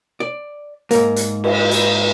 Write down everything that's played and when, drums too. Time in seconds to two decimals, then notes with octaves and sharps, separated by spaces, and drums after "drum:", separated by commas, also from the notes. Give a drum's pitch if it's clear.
0.20 D5
0.91 G#2 A#3, drum: hi-hat
1.16 drum: hi-hat
1.44 drum: cymbal
1.71 drum: hi-hat